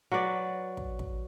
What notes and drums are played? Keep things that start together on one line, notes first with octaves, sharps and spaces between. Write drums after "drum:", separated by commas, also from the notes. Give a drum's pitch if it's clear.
F#3 F#4 B4 D5
drum: kick
drum: kick